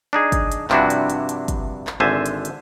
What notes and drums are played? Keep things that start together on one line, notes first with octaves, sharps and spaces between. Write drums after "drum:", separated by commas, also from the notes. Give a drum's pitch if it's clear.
D4 D#4 G#4
drum: kick, hi-hat
drum: hi-hat
G2 C3 F3 D4 E4 F#4, drum: clap
drum: hi-hat
drum: hi-hat
drum: hi-hat
drum: kick, hi-hat
drum: clap
G#1 D3 C5 E5 G#5 A5
drum: hi-hat
drum: hi-hat